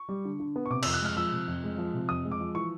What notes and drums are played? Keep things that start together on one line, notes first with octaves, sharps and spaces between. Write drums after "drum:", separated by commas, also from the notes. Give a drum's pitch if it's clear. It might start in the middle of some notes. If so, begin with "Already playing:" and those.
Already playing: C#6
G3
D3
D3
B3
C#6
C3 D6
E6, drum: cymbal
F2
F#6
G#3 F6
F3 E6
C3
F2
G#3
F3
C3
F2 D#6
G#3
D6
F3
E3 C#6